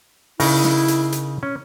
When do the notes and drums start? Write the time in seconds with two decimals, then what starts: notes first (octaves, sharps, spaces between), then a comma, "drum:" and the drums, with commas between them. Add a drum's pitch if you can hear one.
0.40 C#3 D#4 E4 A#4, drum: open hi-hat
0.64 drum: snare
0.88 drum: hi-hat
1.12 drum: hi-hat
1.43 C#4